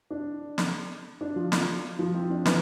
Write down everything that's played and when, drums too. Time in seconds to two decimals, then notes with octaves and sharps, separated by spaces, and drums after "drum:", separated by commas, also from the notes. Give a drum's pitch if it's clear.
0.11 D4
0.58 drum: snare
1.21 D4
1.36 F3 F4
1.52 drum: snare
1.98 F3 F4
2.14 C4
2.30 D4
2.45 E3 E4, drum: snare